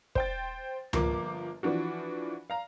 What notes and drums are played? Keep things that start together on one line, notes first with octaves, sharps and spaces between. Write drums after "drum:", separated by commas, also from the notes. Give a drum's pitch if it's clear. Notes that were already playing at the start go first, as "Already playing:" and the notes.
C5 G5 A6, drum: kick
G1 F3 A#3 D6, drum: tom C#2
E3 F3 D4 F#4
F5 A#5